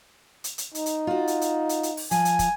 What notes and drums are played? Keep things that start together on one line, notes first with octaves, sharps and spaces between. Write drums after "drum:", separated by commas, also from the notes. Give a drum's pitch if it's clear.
drum: hi-hat
drum: hi-hat
D#4, drum: hi-hat
drum: hi-hat
F4 F#4
drum: hi-hat
drum: hi-hat
drum: hi-hat
drum: hi-hat
drum: open hi-hat
F3 G#5, drum: hi-hat
drum: hi-hat
drum: kick, hi-hat